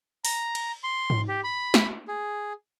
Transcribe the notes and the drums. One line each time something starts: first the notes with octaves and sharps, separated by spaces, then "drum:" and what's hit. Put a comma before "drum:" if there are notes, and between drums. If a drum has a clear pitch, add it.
A#5, drum: open hi-hat
drum: cymbal
C6
drum: tom G#2
G4
B5
drum: snare
G#4